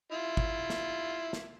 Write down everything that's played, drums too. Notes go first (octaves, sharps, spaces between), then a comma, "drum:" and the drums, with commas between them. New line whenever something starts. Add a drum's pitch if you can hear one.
E4 F4
drum: kick
drum: snare
drum: snare